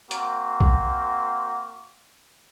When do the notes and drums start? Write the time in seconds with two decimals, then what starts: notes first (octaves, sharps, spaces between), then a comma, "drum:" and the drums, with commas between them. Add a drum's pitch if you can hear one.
0.11 A#3 C4 F#4, drum: hi-hat
0.60 drum: kick B1